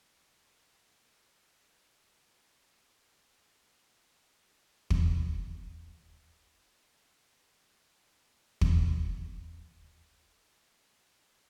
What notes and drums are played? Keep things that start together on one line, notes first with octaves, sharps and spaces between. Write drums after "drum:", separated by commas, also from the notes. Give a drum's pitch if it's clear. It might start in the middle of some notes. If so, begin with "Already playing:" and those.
B3 F#4
A3 C5
A#3 E4
A5
D#3
G4
B4
G3
D#5
C#4
C5
F#4
A#2
E3
F3 C#4
drum: kick
F4 G#4 A#4 C#5 F5
B4
A#4
C5
E4
drum: kick
E3
E3 G#3 C4
C#4
A#2 G#3 A3
D#3 A4 E5
A#3 D4